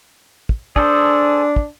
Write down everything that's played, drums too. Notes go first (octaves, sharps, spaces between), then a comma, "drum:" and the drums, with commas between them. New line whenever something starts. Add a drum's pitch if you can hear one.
drum: kick
D4 G#4 A4 C5, drum: kick
drum: kick